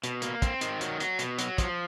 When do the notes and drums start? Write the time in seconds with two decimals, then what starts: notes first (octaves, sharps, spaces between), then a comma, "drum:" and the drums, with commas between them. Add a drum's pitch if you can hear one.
0.04 B2, drum: hi-hat
0.22 A#3, drum: hi-hat
0.42 C4, drum: kick, hi-hat
0.61 D#3, drum: hi-hat
0.81 F#3, drum: hi-hat
1.00 F#3, drum: hi-hat
1.19 B2, drum: hi-hat
1.39 F#3, drum: hi-hat
1.58 F3, drum: kick, hi-hat